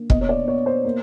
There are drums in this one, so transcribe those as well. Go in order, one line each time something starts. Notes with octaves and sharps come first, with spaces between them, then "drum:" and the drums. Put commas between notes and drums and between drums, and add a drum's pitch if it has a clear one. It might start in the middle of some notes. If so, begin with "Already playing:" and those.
Already playing: D3 A#3
B2 D#5, drum: kick
C#5
D5
B3 C#5
C5
A#3